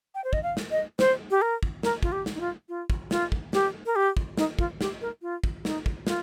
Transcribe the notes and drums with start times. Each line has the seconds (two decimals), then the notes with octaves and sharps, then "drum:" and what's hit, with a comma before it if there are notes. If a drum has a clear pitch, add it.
0.15 G5
0.24 C5
0.33 D#5, drum: kick
0.43 F5
0.57 drum: snare
0.71 D#5
0.99 C5, drum: snare
1.30 G4
1.42 A#4
1.63 drum: kick
1.83 A#4, drum: snare
2.03 F4, drum: kick
2.12 G4
2.26 drum: snare
2.35 D#4
2.40 F4
2.69 F4
2.90 drum: kick
3.11 F4, drum: snare
3.32 drum: kick
3.53 G4, drum: snare
3.86 A#4
3.96 G4
4.17 drum: kick
4.37 D#4, drum: snare
4.59 F4, drum: kick
4.81 G4, drum: snare
5.01 A#4
5.22 F4
5.44 drum: kick
5.65 D#4, drum: snare
5.86 drum: kick
6.07 F4, drum: snare